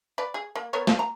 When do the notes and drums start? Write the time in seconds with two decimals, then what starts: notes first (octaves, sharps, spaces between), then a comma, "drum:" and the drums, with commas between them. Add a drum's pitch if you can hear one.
0.18 B4 D5
0.34 G#4
0.55 A#3
0.73 B3 A#4 C#5
0.87 F3, drum: snare
0.99 A#5